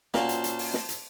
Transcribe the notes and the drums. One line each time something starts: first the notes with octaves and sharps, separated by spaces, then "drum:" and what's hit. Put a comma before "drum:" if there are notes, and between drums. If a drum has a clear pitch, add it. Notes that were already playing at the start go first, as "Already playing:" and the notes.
A#2 A#3 C#4 F4 F#4 C5 A5, drum: snare
drum: hi-hat
drum: hi-hat
drum: open hi-hat
drum: snare
drum: hi-hat